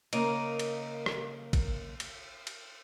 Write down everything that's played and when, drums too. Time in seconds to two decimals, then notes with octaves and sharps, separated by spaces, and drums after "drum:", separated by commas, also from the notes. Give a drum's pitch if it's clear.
0.13 C#3 A#3 A#4 D#5, drum: cymbal
0.59 drum: cymbal
1.06 drum: rim click
1.53 drum: kick G#1, cymbal
2.00 drum: cymbal
2.47 drum: cymbal